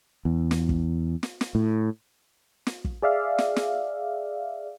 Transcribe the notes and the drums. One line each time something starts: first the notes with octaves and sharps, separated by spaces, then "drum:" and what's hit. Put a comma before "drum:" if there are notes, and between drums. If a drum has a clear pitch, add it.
E2
drum: snare
drum: kick
drum: snare
drum: snare
A2
drum: snare
drum: kick
G#4 D5 E5 F5
drum: snare
drum: snare